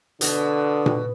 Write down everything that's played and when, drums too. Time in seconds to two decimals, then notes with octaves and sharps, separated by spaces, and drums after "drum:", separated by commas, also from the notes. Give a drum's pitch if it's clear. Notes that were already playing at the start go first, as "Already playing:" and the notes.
0.21 B2 D3, drum: hi-hat
0.86 drum: tom A#2